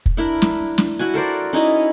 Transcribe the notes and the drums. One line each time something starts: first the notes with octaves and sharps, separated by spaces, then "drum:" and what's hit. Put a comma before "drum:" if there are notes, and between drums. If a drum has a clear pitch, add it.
drum: kick
D4 E4 A#4
drum: snare
drum: snare
E4 F#4 G#5
A4 A#4 C5 D5
C#4 D#4 E4 D#5